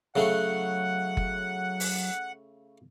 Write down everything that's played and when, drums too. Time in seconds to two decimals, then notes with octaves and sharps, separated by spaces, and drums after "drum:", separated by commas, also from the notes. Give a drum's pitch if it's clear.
0.16 C#3 F#3 A3 G#4 F#5
1.17 drum: kick F#1
1.80 drum: open hi-hat